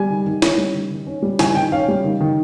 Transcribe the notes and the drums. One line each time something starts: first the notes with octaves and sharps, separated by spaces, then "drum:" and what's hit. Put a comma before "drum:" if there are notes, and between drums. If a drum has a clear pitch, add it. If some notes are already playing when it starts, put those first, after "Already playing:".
Already playing: G3 G#5
D#3
D#3
C#4, drum: snare
G3
D#3
D#3
C#4
G3
D#3 G#5, drum: snare
D#3 G5
C#4 F5
G3
D#3
D#3